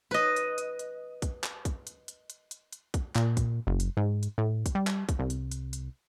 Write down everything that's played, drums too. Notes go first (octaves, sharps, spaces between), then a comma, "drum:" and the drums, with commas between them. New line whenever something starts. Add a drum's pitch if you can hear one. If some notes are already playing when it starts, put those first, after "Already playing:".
B4 D#5
drum: hi-hat
drum: hi-hat
drum: hi-hat
drum: kick, hi-hat
drum: clap
drum: kick, hi-hat
drum: hi-hat
drum: hi-hat
drum: hi-hat
drum: hi-hat
drum: hi-hat
drum: kick, hi-hat
A#2, drum: clap
drum: kick, hi-hat
F#1
drum: hi-hat
G#2
drum: hi-hat
A2
drum: kick, hi-hat
G3
drum: clap
drum: kick, hi-hat
C2
drum: hi-hat
drum: hi-hat
drum: hi-hat